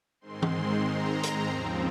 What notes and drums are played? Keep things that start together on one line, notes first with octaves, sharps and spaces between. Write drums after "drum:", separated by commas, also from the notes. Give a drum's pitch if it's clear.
G#2 D#3 G#3 C4 C6
drum: tom E3
A#5
drum: hi-hat
D#2 C#3 F3 C4